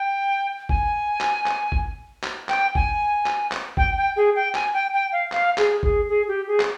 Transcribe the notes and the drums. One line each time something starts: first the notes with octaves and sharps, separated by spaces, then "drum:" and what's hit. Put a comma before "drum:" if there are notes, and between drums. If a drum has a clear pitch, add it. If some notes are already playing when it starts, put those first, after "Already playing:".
Already playing: G5
G#5, drum: kick G#1
drum: clap
drum: clap
drum: kick G#1
drum: clap
G5, drum: clap
G#5, drum: kick G#1
drum: clap
drum: clap
G5, drum: kick G#1
G5
G#4
G5
G#5, drum: clap
G5
G5
F5
F5, drum: clap
G#4, drum: clap
G#4, drum: kick G#1
G#4
G4
G#4
drum: clap